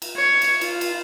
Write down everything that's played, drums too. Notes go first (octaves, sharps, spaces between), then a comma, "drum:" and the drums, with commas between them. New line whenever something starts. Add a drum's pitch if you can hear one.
drum: cymbal
C#5
drum: cymbal
F4, drum: cymbal
drum: cymbal